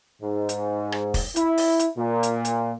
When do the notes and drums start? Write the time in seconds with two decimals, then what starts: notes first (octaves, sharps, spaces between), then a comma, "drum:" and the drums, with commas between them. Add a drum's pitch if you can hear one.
0.22 G#2
0.49 drum: hi-hat
0.92 drum: rim click
1.14 drum: kick, open hi-hat
1.36 E4, drum: hi-hat
1.58 drum: open hi-hat
1.79 drum: hi-hat
1.98 A#2
2.23 drum: hi-hat
2.45 drum: hi-hat